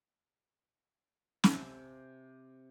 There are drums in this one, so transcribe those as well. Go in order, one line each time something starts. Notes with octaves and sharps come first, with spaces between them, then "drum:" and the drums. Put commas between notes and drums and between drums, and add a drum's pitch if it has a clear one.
C3 G#5 A5, drum: snare